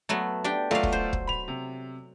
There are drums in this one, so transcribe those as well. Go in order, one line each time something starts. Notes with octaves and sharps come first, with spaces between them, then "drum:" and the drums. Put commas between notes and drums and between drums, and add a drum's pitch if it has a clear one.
F#3 A3 B3
D4 G4 G5
F#3 A3 F4 D5 F5
drum: kick
C5
drum: kick
B5 F7
C3